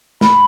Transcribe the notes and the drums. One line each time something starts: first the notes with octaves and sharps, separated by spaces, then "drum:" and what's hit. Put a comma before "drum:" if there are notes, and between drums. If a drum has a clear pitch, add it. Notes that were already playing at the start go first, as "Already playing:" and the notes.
B5, drum: snare